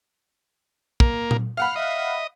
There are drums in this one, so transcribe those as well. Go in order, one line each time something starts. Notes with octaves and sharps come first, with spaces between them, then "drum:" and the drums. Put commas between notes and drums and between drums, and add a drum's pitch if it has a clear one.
A#3, drum: kick
drum: tom A#2
F5 F#5 B5 F6
D#5 E5